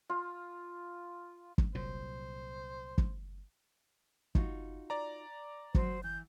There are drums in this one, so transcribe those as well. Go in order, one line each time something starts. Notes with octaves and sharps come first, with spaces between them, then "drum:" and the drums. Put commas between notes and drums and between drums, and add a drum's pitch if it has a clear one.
F4
drum: kick
C2 A#2 F#3 C5
drum: kick
D#4 F4 F#4, drum: kick
D5 A#5
F#3 F#4 C5, drum: kick
E3 G6